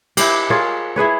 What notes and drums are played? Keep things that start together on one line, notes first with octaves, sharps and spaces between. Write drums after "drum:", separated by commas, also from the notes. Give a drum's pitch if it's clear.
E4 G4, drum: cymbal
F4 G#4 A#4 C#5
E4 G#4 B4 C#5